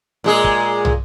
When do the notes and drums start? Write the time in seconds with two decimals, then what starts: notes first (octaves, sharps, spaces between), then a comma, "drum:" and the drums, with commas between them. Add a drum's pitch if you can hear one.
0.24 A#2 G#3 G#4
0.44 drum: kick
0.85 drum: tom